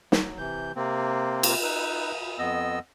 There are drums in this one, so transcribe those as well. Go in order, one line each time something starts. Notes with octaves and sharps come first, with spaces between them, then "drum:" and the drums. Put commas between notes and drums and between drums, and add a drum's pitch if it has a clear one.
F#3, drum: snare
C3 E3 G6
C3 A#3 C4
drum: cymbal
D#4 B4 E6
F2 B3 D#5 E6